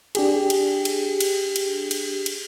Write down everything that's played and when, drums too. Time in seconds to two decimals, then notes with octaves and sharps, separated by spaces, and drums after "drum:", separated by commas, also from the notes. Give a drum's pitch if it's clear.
0.15 D4 G4 G#4, drum: cymbal
0.50 drum: cymbal
0.85 drum: cymbal
1.21 drum: cymbal
1.56 drum: cymbal
1.91 drum: cymbal
2.26 drum: cymbal